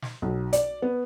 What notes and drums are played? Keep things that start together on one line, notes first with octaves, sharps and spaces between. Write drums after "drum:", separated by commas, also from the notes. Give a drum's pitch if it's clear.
drum: snare
B1
D5, drum: hi-hat
B3